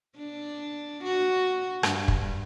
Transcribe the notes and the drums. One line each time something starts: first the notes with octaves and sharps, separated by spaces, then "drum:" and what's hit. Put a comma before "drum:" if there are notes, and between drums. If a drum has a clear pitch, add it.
D4
F#4
G2, drum: rim click
drum: kick